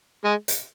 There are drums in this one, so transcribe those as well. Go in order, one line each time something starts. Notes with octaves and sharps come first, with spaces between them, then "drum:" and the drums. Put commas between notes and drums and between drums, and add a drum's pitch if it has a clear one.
G#3
drum: hi-hat